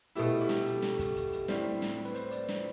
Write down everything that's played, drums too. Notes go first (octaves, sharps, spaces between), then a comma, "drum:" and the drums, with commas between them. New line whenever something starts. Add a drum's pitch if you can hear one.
B2 A3 E4 G4, drum: hi-hat
G4
A4, drum: snare
drum: hi-hat
drum: snare
drum: kick, hi-hat
drum: hi-hat
drum: hi-hat
A2 G3 C4, drum: snare
drum: snare
B4
C5, drum: hi-hat
D5, drum: hi-hat
drum: snare